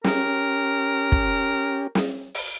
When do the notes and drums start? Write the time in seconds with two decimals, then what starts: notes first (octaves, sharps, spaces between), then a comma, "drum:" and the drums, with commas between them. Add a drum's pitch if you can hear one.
0.04 C#4 G4 A#4, drum: snare
1.12 drum: kick
1.95 drum: snare
2.34 drum: open hi-hat